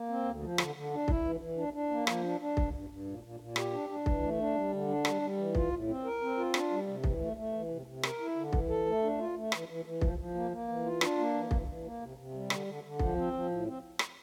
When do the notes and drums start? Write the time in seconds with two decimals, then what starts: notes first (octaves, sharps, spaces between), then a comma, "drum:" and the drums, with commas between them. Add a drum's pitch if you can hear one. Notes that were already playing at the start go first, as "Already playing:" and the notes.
Already playing: A#3
0.09 C4
0.25 D2
0.42 F3
0.58 D3, drum: rim click
0.75 D3
0.91 D4
1.08 E4, drum: kick
1.24 E3
1.40 E3
1.57 D4
1.73 D4
1.91 A#3
2.07 F3, drum: rim click
2.23 D4
2.41 D4
2.57 G2, drum: kick
2.74 G2
2.89 G2
3.07 A#2
3.23 A#2
3.40 A#2
3.56 G4, drum: rim click
3.73 D4
3.90 D4
4.06 E3, drum: kick
4.23 A3
4.39 D4
4.55 G3
4.72 D3
4.88 D4
5.05 G3, drum: rim click
5.22 G3
5.38 E3
5.55 F4, drum: kick
5.71 A2
5.88 C4
6.04 A#4
6.21 C4
6.38 F4
6.54 D4, drum: rim click
6.70 G3
6.87 C3
7.04 E3, drum: kick
7.20 A3
7.37 A3
7.53 E3
7.70 C3
7.86 C3
8.03 A#4, drum: rim click
8.20 E4
8.36 D3
8.53 E3, drum: kick
8.69 A4
8.86 A3
9.03 D4
9.18 F4
9.35 A3
9.52 E3, drum: rim click
9.68 E3
9.85 E3
10.01 F3, drum: kick
10.18 F3
10.35 A#3
10.51 A#3
10.68 E3
10.85 F4
11.01 D4, drum: rim click
11.18 A#3
11.34 E3
11.51 E3, drum: kick
11.67 E3
11.84 A#3
12.01 C3
12.17 C3
12.33 G3
12.50 D3, drum: rim click
12.66 D3
12.83 D3
12.99 F3, drum: kick
13.16 C4
13.33 F3
13.49 A2
13.66 C4
13.99 drum: rim click